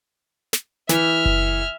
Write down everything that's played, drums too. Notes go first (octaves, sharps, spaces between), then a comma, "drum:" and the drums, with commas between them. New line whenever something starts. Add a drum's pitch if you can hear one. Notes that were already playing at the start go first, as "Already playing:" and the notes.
drum: snare
E3 E5 F6, drum: snare
drum: kick F#1